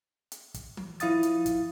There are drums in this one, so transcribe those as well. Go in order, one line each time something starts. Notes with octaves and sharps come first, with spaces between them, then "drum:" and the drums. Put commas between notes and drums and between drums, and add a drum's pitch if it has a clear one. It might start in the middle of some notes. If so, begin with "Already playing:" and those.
drum: hi-hat
drum: kick, hi-hat
drum: tom
F3 E4 F5 D#6 A6, drum: hi-hat
drum: hi-hat
drum: kick, hi-hat